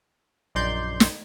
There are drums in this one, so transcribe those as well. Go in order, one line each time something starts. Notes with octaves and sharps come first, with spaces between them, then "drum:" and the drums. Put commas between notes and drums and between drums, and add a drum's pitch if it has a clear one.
A#1 F#2 D#4 D5 C6 G6
drum: snare